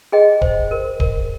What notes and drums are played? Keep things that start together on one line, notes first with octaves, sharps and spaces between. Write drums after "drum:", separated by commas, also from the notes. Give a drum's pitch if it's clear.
G#4 D#5 G5
C5, drum: kick
A#4
A#4, drum: kick